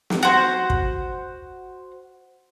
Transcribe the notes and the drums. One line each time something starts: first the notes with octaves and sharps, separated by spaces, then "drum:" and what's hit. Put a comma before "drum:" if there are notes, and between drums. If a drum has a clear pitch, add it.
drum: snare
F#4 C5
drum: kick